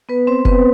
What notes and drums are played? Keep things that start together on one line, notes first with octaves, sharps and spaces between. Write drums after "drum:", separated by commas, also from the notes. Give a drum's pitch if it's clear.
B3 B4
C4 C5
B3 B4, drum: kick F1